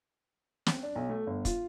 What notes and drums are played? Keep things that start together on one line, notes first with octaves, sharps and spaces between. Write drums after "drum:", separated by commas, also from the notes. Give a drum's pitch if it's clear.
C4, drum: snare
D4
B1
A3
G1
F4, drum: kick, hi-hat